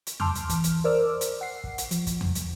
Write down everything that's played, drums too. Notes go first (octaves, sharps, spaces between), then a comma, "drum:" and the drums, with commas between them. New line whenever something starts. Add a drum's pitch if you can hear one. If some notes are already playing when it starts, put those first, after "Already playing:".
drum: hi-hat
A5 C6 D6 E6 F6 G6, drum: tom E2
drum: hi-hat
E3 F6, drum: kick, hi-hat
drum: hi-hat
A#4 C5 D5 D6 E6 F6
drum: hi-hat
F#5 C7
drum: kick
drum: hi-hat
F3, drum: hi-hat
drum: kick, hi-hat
drum: tom E2
drum: hi-hat